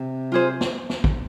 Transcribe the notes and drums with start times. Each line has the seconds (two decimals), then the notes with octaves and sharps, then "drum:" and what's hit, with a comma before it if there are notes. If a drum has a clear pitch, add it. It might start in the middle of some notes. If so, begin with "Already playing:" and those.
Already playing: C3
0.32 F4 G#4 C5
0.61 drum: snare
0.90 drum: snare
1.04 drum: kick